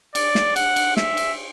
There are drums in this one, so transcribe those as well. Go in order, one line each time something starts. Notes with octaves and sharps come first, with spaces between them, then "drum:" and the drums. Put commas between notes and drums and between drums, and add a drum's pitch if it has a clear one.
D5, drum: cymbal
drum: snare
F#5, drum: cymbal
drum: cymbal
E5, drum: snare
drum: cymbal